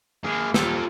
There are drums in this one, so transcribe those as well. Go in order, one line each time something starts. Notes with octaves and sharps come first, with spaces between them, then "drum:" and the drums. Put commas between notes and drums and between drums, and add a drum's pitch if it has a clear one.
A#3 G#4
D#1 F4 A4, drum: snare